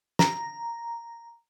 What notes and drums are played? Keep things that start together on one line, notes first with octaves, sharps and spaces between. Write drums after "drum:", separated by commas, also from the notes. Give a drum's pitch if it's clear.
A#5, drum: snare